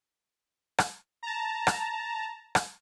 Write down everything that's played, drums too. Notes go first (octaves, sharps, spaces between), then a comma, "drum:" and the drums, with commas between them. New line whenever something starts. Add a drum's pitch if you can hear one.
drum: rim click
A5 A#5
drum: rim click
drum: rim click